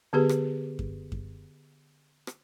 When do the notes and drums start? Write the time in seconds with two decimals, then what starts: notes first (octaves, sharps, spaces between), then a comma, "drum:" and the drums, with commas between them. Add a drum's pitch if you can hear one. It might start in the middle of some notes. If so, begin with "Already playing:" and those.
0.13 D3 B3 G4 G#4 B4
0.29 drum: rim click
0.79 drum: kick F#2
1.12 drum: kick F#2
2.27 drum: rim click